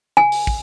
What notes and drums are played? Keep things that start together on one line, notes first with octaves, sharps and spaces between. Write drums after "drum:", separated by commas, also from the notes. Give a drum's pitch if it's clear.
G#5
drum: open hi-hat
drum: kick